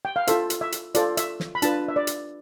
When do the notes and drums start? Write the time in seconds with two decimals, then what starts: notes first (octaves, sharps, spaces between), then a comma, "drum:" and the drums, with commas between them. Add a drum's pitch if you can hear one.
0.05 G5
0.16 F5
0.27 F4 A4 C5 E5, drum: hi-hat
0.50 drum: hi-hat
0.61 E5
0.72 drum: hi-hat
0.95 F4 A4 C5 D5, drum: hi-hat
1.17 E5, drum: hi-hat
1.40 drum: snare
1.55 B5
1.62 D4 F4 B4 A5, drum: hi-hat
1.88 E5
1.96 D5
2.07 drum: hi-hat